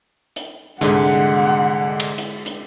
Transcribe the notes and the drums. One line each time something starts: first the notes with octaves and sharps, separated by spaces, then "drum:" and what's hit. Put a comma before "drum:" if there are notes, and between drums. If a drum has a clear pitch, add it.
drum: hi-hat
C2 G#2 D3 G#3 F#5, drum: hi-hat
drum: cymbal
drum: hi-hat
drum: hi-hat